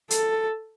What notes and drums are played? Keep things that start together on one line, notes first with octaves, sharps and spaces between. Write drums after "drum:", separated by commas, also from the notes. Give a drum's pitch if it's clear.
A4, drum: hi-hat